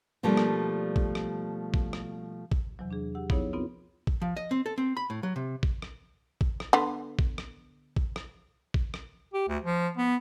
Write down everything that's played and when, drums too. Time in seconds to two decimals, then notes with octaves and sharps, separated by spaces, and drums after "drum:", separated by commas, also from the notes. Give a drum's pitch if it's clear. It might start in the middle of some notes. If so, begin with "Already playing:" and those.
0.23 B2 F3 G3 A3 A#3 D4
0.37 drum: rim click
0.96 drum: kick
1.15 drum: rim click
1.74 drum: kick
1.93 drum: rim click
2.52 drum: kick
2.79 E2 C3 E3 F#3
2.91 D4 G#4
3.15 G4 F#5 E6
3.30 F3 B3 D#4 E4 G#4 C#5, drum: kick
3.53 B3 C4 D#4 F4 A#4 B4
4.07 drum: kick
4.22 F3
4.37 D#5
4.51 C4
4.66 A4
4.78 C4
4.97 B5
5.10 A2
5.23 F#3
5.36 C3
5.63 drum: kick
5.82 drum: rim click
6.41 drum: kick
6.60 drum: rim click
6.73 D3 B3
7.19 drum: kick
7.38 drum: rim click
7.96 drum: kick
8.16 drum: rim click
8.74 drum: kick
8.94 drum: rim click
9.34 G4
9.48 D2
9.63 F3
9.97 B3